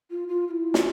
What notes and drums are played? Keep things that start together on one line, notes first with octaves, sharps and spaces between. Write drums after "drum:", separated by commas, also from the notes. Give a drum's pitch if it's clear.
F4
F4
F4
E4
F4, drum: snare